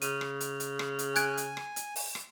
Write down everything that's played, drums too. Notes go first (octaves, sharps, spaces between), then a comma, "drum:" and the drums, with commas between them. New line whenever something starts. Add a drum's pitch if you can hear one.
C#3 D#7, drum: hi-hat
drum: rim click
drum: hi-hat
drum: hi-hat
drum: rim click
drum: hi-hat
G#5 F#6 G#6 D7, drum: hi-hat
drum: hi-hat
drum: rim click
drum: hi-hat
drum: open hi-hat
drum: rim click